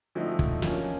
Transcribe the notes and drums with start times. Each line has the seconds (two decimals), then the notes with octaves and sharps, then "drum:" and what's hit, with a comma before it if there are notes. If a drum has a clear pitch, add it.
0.15 D3 F3 A3 C4 D#4
0.39 drum: kick
0.62 F3 A#3 C#4, drum: snare